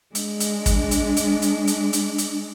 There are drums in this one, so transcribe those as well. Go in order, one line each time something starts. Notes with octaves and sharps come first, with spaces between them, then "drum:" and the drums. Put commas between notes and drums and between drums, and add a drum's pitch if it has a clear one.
G#3 D4, drum: hi-hat
drum: hi-hat
drum: kick, hi-hat
drum: hi-hat
drum: hi-hat
drum: hi-hat
drum: hi-hat
drum: hi-hat
drum: hi-hat